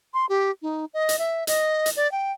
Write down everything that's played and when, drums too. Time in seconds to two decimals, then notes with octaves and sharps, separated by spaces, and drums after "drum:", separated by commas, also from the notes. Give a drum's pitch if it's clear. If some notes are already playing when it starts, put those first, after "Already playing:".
0.14 C6
0.29 G4
0.62 D#4
0.94 D#5
1.09 drum: hi-hat
1.19 E5
1.47 D#5, drum: hi-hat
1.86 drum: hi-hat
1.96 D5
2.12 G5